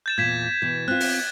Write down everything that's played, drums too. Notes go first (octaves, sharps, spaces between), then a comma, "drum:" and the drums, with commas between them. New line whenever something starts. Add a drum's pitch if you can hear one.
G6 A6 E7
E2 A#2 G#6 B6 E7
B2 E3
C4 F4 F#6
drum: open hi-hat